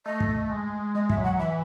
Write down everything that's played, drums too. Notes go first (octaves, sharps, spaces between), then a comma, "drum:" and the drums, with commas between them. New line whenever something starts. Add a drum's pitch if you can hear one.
A3 D#5
drum: kick
G#3
G#3 D#5
E5, drum: kick
F#3
F#5
E3 E5